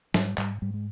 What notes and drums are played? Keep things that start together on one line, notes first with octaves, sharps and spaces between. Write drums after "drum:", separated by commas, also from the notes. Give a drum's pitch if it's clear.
G#2 G3, drum: snare
G#2 G3, drum: clap
G#2 G3
G#3